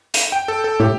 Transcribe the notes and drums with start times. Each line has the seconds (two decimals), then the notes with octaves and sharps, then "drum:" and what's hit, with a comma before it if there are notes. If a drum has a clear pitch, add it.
0.14 drum: hi-hat
0.32 G5
0.48 A4
0.64 A4
0.80 A2 G4